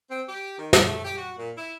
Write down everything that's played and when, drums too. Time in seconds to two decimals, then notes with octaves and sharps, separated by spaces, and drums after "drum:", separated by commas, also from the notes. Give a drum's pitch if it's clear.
0.10 C4
0.29 G4
0.59 D#3
0.73 G3, drum: snare
0.86 A3
1.05 G4
1.17 F#4
1.38 A#2
1.57 E4